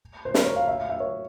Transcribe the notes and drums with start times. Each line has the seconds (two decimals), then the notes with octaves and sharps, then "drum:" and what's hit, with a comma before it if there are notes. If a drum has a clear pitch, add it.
0.25 C5
0.34 A#4, drum: snare
0.45 C#5
0.56 F5
0.68 E5
0.78 F5
0.89 E5
1.00 C#5